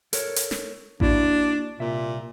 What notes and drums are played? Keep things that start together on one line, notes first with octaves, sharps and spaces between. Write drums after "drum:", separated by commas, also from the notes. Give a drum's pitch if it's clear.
A4 A#4 C#5, drum: hi-hat
drum: hi-hat
drum: snare
A#3 D4 E4 F#4, drum: kick A1
C2 A#2 E5